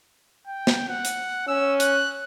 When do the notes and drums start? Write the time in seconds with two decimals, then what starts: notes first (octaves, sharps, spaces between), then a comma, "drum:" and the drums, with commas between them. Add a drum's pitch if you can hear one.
0.47 G5
0.67 drum: snare
0.89 F#5
1.05 drum: hi-hat
1.48 C#4 E6
1.80 F#6, drum: hi-hat